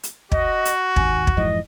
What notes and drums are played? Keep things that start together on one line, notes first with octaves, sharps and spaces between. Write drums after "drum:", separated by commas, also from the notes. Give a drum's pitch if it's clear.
drum: hi-hat
F#4 D#5, drum: kick
drum: hi-hat
G#1 D#2 G#5, drum: kick
drum: kick
F2 G#2 E3 D#5